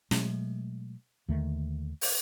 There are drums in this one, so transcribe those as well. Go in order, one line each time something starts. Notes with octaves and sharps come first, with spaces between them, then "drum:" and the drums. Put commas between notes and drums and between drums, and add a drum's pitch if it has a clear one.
B2 F#3 G#3 A3, drum: snare
D#2 D3 D#3 A3
drum: open hi-hat